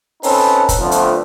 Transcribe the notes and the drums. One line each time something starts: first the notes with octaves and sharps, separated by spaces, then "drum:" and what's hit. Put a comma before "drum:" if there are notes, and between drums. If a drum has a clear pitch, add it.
C4 C#4 D#4 A4 B4, drum: open hi-hat
drum: kick, hi-hat
F2 D3 F3 A3 B3
drum: hi-hat